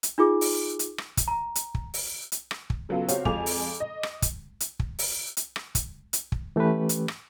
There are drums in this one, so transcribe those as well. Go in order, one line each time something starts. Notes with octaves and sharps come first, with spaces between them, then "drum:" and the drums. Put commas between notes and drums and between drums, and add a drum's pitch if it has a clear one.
drum: hi-hat
D#4 F4 G#4 D6
drum: open hi-hat
drum: hi-hat
drum: rim click
drum: kick, hi-hat
A#5
drum: hi-hat
drum: kick
drum: open hi-hat
drum: hi-hat
drum: rim click
drum: kick
C#3 F#3 B3 F4 A4
C4 F#4 G4 C#5 F5, drum: hi-hat
F2 G#3 F4 G#5 D6 F7, drum: kick
drum: open hi-hat
D#5
drum: rim click
drum: kick, hi-hat
drum: hi-hat
drum: kick
drum: open hi-hat
drum: hi-hat
drum: rim click
drum: kick, hi-hat
drum: hi-hat
drum: kick
E3 A3 C#4 G4 B4
drum: hi-hat
drum: rim click